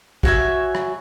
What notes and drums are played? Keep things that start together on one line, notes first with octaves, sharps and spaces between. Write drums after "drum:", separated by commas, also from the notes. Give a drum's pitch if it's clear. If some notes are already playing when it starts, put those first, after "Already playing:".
F#4 C#5 E5 G#5, drum: kick
drum: rim click